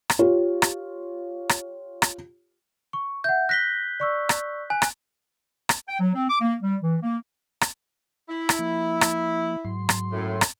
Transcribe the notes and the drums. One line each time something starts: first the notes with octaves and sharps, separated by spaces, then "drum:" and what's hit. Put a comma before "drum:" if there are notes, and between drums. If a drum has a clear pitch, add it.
drum: rim click
F4 G4 C#5
drum: rim click
drum: rim click
drum: rim click
C#6
E5 F#5 G6
F#6 A#6 B6 G7
D5 C#6 E6
drum: rim click
G#5 F#6
drum: rim click
drum: rim click
G5
F#3
C4
D6
A#3
G3
E3
A#3
drum: rim click
E4
drum: rim click
F3 A#3
drum: rim click
G#2 F#3 C6
drum: rim click
F#2 A2
drum: rim click